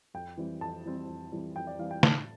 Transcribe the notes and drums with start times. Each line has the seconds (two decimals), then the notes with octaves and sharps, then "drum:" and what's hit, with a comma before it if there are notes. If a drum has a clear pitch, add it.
0.14 F2 G5
0.38 E3 G3 C4
0.61 F2 A5
0.86 E3 G3 C4
1.08 F2
1.32 E3 G3 C4
1.56 F2 G5
1.67 D5
1.79 E3 G3 C4 F5
1.91 G5
2.03 A2 A5, drum: snare